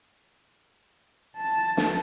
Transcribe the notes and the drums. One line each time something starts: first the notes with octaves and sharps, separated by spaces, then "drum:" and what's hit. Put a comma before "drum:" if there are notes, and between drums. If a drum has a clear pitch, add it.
A5
drum: snare